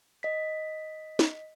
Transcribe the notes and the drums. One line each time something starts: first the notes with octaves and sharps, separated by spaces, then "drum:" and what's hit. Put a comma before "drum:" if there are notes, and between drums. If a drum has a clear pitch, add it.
D#5 B6
drum: snare